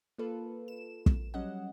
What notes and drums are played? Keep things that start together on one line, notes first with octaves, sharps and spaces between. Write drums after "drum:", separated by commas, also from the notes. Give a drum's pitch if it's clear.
A#3 F4 A4 B4
E7
drum: kick
F#3 G3 C#4 D#5 F#5